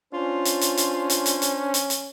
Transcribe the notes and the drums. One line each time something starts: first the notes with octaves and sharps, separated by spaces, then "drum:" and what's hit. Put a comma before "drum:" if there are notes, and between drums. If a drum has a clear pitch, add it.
C#4 D4 F4 C5
drum: hi-hat
drum: hi-hat
drum: hi-hat
drum: hi-hat
drum: hi-hat
drum: hi-hat
drum: hi-hat
drum: hi-hat